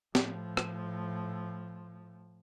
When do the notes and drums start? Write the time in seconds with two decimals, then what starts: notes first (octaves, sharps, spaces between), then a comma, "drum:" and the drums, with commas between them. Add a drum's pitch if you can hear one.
0.15 A2 F3, drum: snare
0.57 drum: rim click